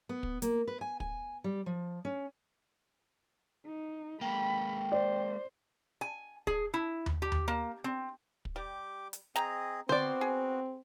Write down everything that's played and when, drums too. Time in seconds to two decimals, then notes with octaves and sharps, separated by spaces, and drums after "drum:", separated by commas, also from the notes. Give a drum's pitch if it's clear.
0.09 B3
0.23 drum: kick
0.42 A#3, drum: hi-hat
0.68 B4
0.81 G#5
1.00 G#5, drum: kick
1.44 G3
1.66 F3
2.05 C#4
3.65 D#4
4.21 G#3 A#3 G5 B5
4.92 C5 D5
6.01 G#5
6.47 G#4, drum: kick
6.74 E4
7.06 drum: tom D#2
7.22 G4
7.32 drum: tom D#2
7.48 A#3
7.84 C4
8.45 drum: kick
8.56 G3 G4 D6
9.13 drum: hi-hat
9.36 C4 G#4 D#5 G5 A#5, drum: snare
9.89 B3 C4 F#4 C5 D5, drum: tom D3
10.21 G#4